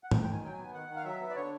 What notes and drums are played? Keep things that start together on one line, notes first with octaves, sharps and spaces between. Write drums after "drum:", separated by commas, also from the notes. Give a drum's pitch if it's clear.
F#5
D#3 G5, drum: tom
G5
D#3
G#5
F#3 G5
G#5
B3
D#3 F#5
D#3
F5
F#3 E5
B3
D5
D3 C#5